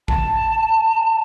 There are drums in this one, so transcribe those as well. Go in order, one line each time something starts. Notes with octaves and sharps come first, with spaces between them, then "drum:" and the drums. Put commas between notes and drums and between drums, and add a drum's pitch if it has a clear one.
A5, drum: kick G#1